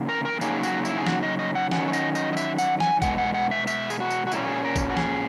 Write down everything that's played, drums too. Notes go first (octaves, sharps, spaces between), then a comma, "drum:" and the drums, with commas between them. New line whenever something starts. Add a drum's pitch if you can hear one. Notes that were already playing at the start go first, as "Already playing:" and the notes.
Already playing: C#3 E3 A#3 D#4
A#4
A#4
C#3 F#3 A#3 D#4 G#4, drum: tambourine
F#4, drum: tambourine
E4, drum: tambourine
G#4
F#4, drum: snare
D#5
D#5
F#5
D#3 F#3 C#4 F#5, drum: snare
C#5
D#5, drum: tambourine
D#5, drum: tambourine
D#5
E5, drum: tambourine
F#5, drum: tambourine
G#5, drum: snare
B2 G#3 F#5, drum: kick, tambourine
F#5
F#5
E5
E5, drum: tambourine
G#4, drum: tambourine
F#4
drum: tambourine
F#4
A#2 A#3 C#4 E4, drum: tambourine
G#4
A#4
drum: kick, tambourine
F#4
G#4, drum: snare